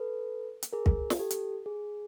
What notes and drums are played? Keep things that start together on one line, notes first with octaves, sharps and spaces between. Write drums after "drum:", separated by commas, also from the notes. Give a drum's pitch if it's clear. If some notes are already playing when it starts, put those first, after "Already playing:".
Already playing: A4 B4
drum: hi-hat
G#4 A#4
drum: kick
drum: snare
G4 A4
drum: hi-hat
G#4